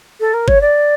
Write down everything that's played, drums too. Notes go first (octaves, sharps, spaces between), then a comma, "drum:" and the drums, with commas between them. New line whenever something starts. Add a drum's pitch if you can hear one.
A4
A#4
C#5, drum: kick G1
D5